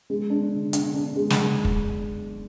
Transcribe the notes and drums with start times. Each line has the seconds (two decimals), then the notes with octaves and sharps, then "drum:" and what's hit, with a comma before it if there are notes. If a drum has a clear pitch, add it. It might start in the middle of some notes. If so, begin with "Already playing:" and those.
0.10 G#3
0.30 D4
0.51 D3
0.73 D4, drum: hi-hat
0.94 D4
1.16 G#3
1.30 drum: snare
1.65 drum: kick